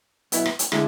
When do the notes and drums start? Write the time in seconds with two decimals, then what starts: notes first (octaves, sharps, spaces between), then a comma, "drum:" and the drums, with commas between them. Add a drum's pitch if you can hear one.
0.32 B1 B2 B3 E4, drum: hi-hat
0.46 drum: rim click
0.59 drum: hi-hat
0.72 D3 G#3 E4, drum: rim click